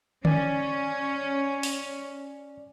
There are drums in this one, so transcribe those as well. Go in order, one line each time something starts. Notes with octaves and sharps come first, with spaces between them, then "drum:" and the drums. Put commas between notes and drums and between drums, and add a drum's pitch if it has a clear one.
C#4 D5 G#5, drum: tom D3
drum: open hi-hat